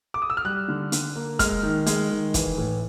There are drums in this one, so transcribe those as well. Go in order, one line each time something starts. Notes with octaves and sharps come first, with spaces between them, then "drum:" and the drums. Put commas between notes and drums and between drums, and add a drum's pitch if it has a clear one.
D6
D#6
E6
F6
G3 F#6
D3
D3, drum: hi-hat
A#3
G#3 F6, drum: kick, hi-hat
D#3
G#3, drum: hi-hat
D#3
E3, drum: kick, hi-hat
A2